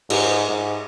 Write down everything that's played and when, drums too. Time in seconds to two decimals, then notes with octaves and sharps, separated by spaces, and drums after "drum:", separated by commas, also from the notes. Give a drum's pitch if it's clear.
0.10 G#2, drum: cymbal
0.49 G#2